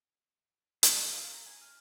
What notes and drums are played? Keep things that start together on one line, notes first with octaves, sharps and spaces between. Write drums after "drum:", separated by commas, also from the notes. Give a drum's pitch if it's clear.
C5, drum: hi-hat
F5
A#5
G#5
F6